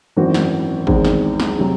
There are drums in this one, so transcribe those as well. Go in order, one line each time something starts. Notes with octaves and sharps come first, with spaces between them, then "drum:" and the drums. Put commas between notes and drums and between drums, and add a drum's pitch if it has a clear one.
G#1 F#2 E3 C4 F#4
drum: snare
E2 D#3 G#3 C4, drum: kick G#1
drum: snare
drum: snare
C3 F#3